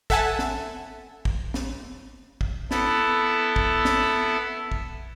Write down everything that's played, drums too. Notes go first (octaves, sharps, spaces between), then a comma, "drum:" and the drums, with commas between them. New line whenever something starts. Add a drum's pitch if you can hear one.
A4 E5 F#5 G#5 A5, drum: kick
drum: snare
drum: kick
drum: snare
drum: kick
B3 E4 A4, drum: snare
drum: kick
drum: snare
drum: kick